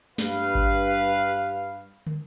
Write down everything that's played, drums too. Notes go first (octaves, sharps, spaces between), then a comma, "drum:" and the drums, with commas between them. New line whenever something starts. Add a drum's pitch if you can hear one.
G2 B4 F5, drum: snare
drum: kick G#1
drum: tom